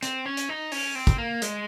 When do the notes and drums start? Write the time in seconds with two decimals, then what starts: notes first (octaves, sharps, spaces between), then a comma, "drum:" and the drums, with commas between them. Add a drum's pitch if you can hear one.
0.03 C4, drum: hi-hat
0.26 C#4
0.37 drum: hi-hat
0.49 D#4
0.72 C#4, drum: open hi-hat
0.95 C4
1.07 drum: kick, hi-hat
1.18 A#3
1.42 G#3, drum: hi-hat